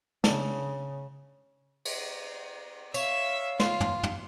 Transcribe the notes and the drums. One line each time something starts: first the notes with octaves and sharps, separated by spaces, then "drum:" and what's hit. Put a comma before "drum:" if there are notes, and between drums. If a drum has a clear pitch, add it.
C#3 D4, drum: snare
drum: cymbal
C#5 E5 F5 E6, drum: tambourine
F4 C6, drum: snare
drum: tom
drum: tom